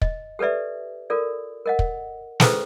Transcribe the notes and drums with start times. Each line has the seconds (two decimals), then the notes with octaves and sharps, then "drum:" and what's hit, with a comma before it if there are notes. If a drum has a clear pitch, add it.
0.02 D#5, drum: kick
0.39 G4 A4 B4 D5 E5
1.10 F4 A4 A#4 D5
1.66 A#4 D#5 F#5
1.79 drum: kick
2.40 C#4 E4 G#4 A4 B4 C5, drum: snare